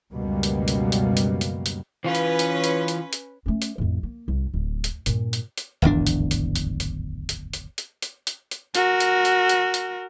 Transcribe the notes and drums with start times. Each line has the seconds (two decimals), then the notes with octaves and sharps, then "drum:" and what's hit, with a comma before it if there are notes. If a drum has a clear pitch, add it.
0.13 C#2 F#2 B2 G3 A#3
0.43 drum: hi-hat
0.68 drum: hi-hat
0.92 drum: hi-hat
1.17 drum: hi-hat
1.41 drum: hi-hat
1.66 drum: hi-hat
2.04 E3 C#4 F4 B4
2.15 drum: hi-hat
2.39 drum: hi-hat
2.64 drum: hi-hat
2.88 drum: hi-hat
3.13 drum: hi-hat
3.46 A3 C#4
3.62 drum: hi-hat
3.78 A1 F2
4.03 A#3
4.28 C2
4.54 D1
4.84 drum: hi-hat
5.06 G2 A#2, drum: hi-hat
5.33 drum: hi-hat
5.58 drum: hi-hat
5.82 D1 G#1 E2 D4
6.07 drum: hi-hat
6.31 drum: hi-hat
6.56 drum: hi-hat
6.80 drum: hi-hat
7.29 drum: hi-hat
7.53 drum: hi-hat
7.78 drum: hi-hat
8.02 drum: hi-hat
8.27 drum: hi-hat
8.51 drum: hi-hat
8.75 F#4 A#4, drum: hi-hat
9.00 drum: hi-hat
9.25 drum: hi-hat
9.49 drum: hi-hat
9.74 drum: hi-hat